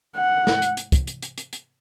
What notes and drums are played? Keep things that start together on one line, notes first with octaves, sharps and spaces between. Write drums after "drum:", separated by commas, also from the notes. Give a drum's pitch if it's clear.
F#5
drum: snare
drum: hi-hat
drum: hi-hat
drum: kick, hi-hat
drum: hi-hat
drum: hi-hat
drum: hi-hat
drum: hi-hat